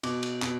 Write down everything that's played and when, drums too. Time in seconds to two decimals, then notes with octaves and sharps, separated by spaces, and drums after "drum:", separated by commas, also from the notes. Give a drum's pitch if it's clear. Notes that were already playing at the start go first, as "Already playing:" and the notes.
0.03 B2 D6, drum: cymbal
0.23 drum: cymbal
0.42 B2, drum: clap